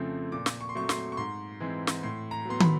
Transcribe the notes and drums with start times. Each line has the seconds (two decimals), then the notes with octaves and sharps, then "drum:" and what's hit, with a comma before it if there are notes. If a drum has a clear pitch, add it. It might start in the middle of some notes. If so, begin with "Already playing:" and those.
Already playing: F2 C#3 F3 A3 C4
0.32 A#2 D6
0.46 drum: snare
0.61 C#6
0.69 C6
0.75 F#3 A3 C4 C#6
0.89 C6, drum: snare
1.12 C#6
1.17 G#2 C6
1.60 E3 G#3 C4
1.87 drum: snare
2.03 A2 C6
2.31 A#5
2.45 F#3 B3 C6
2.60 B5, drum: tom